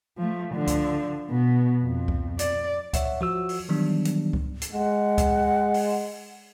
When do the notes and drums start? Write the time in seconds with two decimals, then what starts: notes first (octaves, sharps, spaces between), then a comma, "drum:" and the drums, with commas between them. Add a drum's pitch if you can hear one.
0.18 F3 A3
0.54 D3 F3
0.67 drum: kick C#2, hi-hat
1.30 B2 B3
1.84 F2
2.08 drum: kick C#2
2.39 D5, drum: hi-hat
2.93 C#5 E5 F#5, drum: kick C#2, hi-hat
3.21 F3 F#4 E6
3.49 drum: open hi-hat
3.69 D#3 E3 F#3 G3 B3 D4
4.05 drum: hi-hat
4.33 drum: kick C#2
4.62 drum: hi-hat
4.73 G#3 F#5
5.18 drum: kick C#2, hi-hat
5.74 drum: open hi-hat